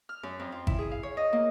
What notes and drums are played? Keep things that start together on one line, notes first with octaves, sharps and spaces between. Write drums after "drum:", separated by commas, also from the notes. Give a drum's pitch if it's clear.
F6
F#2
F2
F4
E4, drum: kick G#1
G#4
F5
C#5
D#5
A#3